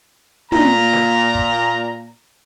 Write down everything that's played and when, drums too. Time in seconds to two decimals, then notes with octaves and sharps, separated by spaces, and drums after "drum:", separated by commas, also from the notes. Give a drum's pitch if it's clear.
0.52 A#2 A#5, drum: tom
0.93 drum: snare
1.35 drum: kick